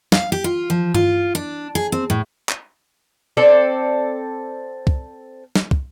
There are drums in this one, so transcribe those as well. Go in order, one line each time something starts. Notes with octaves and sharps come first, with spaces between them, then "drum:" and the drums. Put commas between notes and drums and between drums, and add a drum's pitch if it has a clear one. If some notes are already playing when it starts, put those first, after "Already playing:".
F5, drum: snare
G4
F4
F3
F4, drum: tom G2
D4
G#4
C4
A2
drum: clap
C4 A4 D5
drum: kick
drum: snare
drum: kick